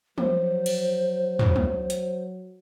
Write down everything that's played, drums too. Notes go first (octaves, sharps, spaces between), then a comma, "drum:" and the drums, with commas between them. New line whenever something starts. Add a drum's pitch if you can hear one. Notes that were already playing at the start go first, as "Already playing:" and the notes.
F3 F#3 C5, drum: tom
drum: cymbal
drum: tom
drum: tom
drum: hi-hat